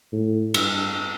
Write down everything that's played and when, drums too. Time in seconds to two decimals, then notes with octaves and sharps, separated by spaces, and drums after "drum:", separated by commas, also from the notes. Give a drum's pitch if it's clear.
0.12 A2
0.54 G2, drum: cymbal